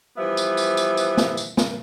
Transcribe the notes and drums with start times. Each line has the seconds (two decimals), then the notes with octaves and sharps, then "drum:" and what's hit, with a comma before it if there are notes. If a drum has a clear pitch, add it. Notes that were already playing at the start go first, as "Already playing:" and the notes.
0.17 E3 F3 G3 B3 E5
0.37 drum: tambourine
0.57 drum: tambourine
0.77 drum: tambourine
0.97 drum: tambourine
1.17 drum: snare
1.37 drum: tambourine
1.57 drum: snare